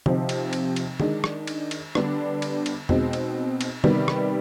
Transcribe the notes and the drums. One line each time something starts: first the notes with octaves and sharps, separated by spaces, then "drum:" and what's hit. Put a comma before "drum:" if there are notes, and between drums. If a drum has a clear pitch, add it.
C3 F3 C4 D#4, drum: tom
drum: cymbal
drum: cymbal
drum: cymbal
D#3 G#3 D4, drum: tom
drum: rim click
drum: cymbal
drum: cymbal
D3 G3 B3 D4, drum: rim click
drum: cymbal
drum: cymbal
B2 G#3 C4 D#4, drum: tom E2
drum: cymbal
drum: cymbal
C3 D#3 G3 B3, drum: tom
drum: rim click